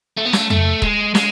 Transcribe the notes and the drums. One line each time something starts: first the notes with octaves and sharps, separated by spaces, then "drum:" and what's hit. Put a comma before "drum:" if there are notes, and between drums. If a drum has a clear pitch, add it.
A3
B3
A3, drum: snare
A3, drum: tom F2
G#3, drum: kick
G#3, drum: snare